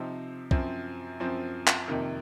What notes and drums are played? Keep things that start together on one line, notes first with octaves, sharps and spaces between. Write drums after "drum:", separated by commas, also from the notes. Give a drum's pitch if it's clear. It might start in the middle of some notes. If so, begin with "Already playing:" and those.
Already playing: C3 F3 C4 D#4
F#2 F3 C4, drum: kick
F#2 F3 C4
drum: clap
F2 C3 D#3 A#3